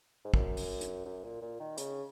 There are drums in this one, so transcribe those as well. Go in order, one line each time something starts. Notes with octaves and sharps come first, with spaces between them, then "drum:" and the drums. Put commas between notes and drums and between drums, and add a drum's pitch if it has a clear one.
G#2
F#2, drum: kick
drum: open hi-hat
drum: hi-hat
F#2
A#2
A#2
D#3
C#3, drum: hi-hat